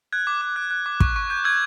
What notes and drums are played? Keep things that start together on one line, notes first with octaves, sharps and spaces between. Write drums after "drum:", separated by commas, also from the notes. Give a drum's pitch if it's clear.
F#6 G#6
D6
D6
F#6
F#6
D6
C#6, drum: kick
C#6
G6
E6 G#6